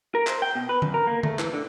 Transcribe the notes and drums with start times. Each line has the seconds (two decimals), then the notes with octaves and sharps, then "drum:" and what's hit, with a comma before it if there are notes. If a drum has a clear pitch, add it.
0.15 A#4
0.27 C5, drum: clap
0.42 G5
0.55 B2
0.69 B4
0.82 F#2, drum: tom D3
0.94 A#4
1.07 A#3
1.23 A3, drum: tom D3
1.39 E3, drum: clap
1.54 D3